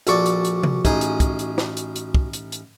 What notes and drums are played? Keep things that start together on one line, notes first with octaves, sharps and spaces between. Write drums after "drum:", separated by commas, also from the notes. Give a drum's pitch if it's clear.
A#1 F#4 A4 D5 C#6 D6, drum: hi-hat
drum: hi-hat
drum: hi-hat
drum: tom C3
A1 D#4 G#4, drum: kick, hi-hat
drum: hi-hat
drum: kick, hi-hat
drum: hi-hat
drum: snare
drum: hi-hat
drum: hi-hat
drum: kick
drum: hi-hat
drum: hi-hat